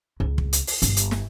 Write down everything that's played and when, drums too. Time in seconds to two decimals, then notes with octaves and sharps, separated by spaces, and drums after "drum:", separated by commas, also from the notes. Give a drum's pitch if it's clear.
0.20 C#2
0.38 drum: kick
0.53 drum: hi-hat
0.67 drum: open hi-hat
0.82 G1, drum: hi-hat
0.97 drum: hi-hat
1.11 drum: snare